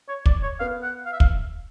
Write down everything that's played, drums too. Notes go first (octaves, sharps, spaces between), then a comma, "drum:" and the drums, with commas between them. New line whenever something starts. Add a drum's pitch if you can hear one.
C#5
D5, drum: kick
C#5
B3 F5
F#5
F5
E5
F5, drum: kick